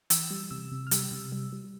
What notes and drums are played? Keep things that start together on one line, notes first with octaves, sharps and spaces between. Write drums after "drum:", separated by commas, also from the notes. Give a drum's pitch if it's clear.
E3 E6, drum: hi-hat
G3
C3 E6
C3
F6
G3 E6, drum: hi-hat
C3
G3
G3